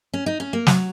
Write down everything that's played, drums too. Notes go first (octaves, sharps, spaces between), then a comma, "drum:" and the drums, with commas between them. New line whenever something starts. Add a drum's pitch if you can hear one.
C#4
D#4
C#4
A#3
F#3, drum: snare